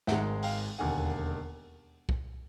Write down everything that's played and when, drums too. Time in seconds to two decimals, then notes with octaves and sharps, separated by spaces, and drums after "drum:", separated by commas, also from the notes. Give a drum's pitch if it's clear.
0.07 G#1 G#2 D#3 G#3 E5 F#5, drum: snare
0.43 F5 G5, drum: open hi-hat
0.78 E1 D#2 D3 F#5 G#5
2.09 drum: kick